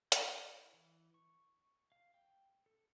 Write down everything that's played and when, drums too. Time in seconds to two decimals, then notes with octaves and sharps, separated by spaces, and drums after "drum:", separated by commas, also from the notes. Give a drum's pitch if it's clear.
0.12 G6, drum: hi-hat
0.44 E4
0.73 E3
1.14 C#6
1.92 F5
2.14 G5
2.66 A4